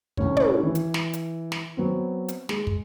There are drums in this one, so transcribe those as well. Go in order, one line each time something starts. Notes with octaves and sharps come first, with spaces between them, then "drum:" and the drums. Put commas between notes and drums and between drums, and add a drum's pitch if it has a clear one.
C2 A2 C#4 C#5, drum: kick
drum: tom
E3
drum: hi-hat
drum: snare
drum: hi-hat
drum: snare
F#3 B3 C4
drum: hi-hat
G#3, drum: snare
drum: kick